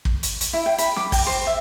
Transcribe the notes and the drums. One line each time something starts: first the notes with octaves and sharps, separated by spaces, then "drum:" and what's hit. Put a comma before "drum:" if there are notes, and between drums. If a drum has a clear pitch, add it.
drum: kick
drum: hi-hat
drum: hi-hat
E4
G5
B5, drum: hi-hat
D6, drum: snare
G5, drum: kick, open hi-hat
C5
E5